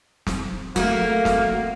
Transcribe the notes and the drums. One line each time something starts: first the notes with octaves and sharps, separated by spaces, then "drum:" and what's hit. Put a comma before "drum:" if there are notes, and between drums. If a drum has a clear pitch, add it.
drum: snare
A3 A#3 F#4, drum: snare
drum: snare